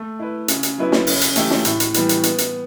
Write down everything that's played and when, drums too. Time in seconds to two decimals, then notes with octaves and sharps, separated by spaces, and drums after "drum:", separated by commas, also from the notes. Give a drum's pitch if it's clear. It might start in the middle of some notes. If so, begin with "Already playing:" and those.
Already playing: A3
0.19 E4 B4
0.48 C#3, drum: hi-hat
0.63 drum: hi-hat
0.78 F#3 B3 E4 B4
0.92 drum: snare
1.07 C#3, drum: open hi-hat
1.21 drum: hi-hat
1.36 E3 A3 E4 G4, drum: hi-hat
1.51 drum: snare
1.65 A2, drum: hi-hat
1.80 drum: hi-hat
1.94 E3 G3 B3, drum: hi-hat
2.09 drum: hi-hat
2.23 B3, drum: hi-hat
2.38 drum: hi-hat